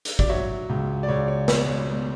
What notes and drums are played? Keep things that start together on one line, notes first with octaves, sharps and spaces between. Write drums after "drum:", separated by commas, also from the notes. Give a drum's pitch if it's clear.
drum: hi-hat
D5, drum: kick
F#3 C#5 E5
C#2
D5
C#2 C#5
C#5
B2 C#5, drum: snare
C#5
B2